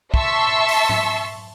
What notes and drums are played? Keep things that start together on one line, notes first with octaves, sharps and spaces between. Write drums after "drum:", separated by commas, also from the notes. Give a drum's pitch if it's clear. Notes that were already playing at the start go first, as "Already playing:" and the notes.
E5 A5 C6 C#6 E6, drum: kick
drum: open hi-hat
drum: tom G#2